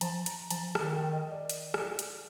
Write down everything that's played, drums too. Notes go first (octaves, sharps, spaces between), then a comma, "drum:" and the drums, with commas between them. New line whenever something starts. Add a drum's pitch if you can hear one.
F3 A5, drum: hi-hat
A#5, drum: hi-hat
F3 A5, drum: hi-hat
D#3 A5, drum: rim click
G5
D#5
D5
drum: hi-hat
drum: rim click
drum: hi-hat